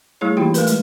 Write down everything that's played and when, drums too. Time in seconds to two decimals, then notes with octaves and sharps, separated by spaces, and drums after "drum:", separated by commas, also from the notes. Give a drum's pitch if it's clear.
0.21 G3 A3 E4 G#4 C#5
0.37 E3 A#3 D#4 F4 G4 G5
0.54 A3 A#4 B4, drum: hi-hat
0.67 G#3, drum: hi-hat